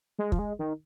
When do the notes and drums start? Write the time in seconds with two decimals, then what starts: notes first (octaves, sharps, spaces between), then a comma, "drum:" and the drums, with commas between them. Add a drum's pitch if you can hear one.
0.19 G#3
0.32 F3, drum: kick
0.39 G#3
0.59 D#3